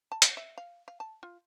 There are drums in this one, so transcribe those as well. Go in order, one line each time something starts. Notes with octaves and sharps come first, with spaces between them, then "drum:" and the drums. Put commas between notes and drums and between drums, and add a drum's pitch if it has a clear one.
A5
drum: hi-hat
E5
F5
F5
A5
F4